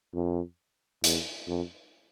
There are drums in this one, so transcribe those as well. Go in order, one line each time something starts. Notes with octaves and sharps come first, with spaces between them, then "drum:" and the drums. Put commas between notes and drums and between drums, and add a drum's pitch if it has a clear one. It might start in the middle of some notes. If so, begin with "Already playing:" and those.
F2
E2, drum: hi-hat
F2